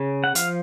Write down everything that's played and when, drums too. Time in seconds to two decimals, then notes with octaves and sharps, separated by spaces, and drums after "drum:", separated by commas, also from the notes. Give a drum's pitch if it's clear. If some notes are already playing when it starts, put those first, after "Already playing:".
Already playing: C#3
0.24 F#5
0.35 F3 F5, drum: hi-hat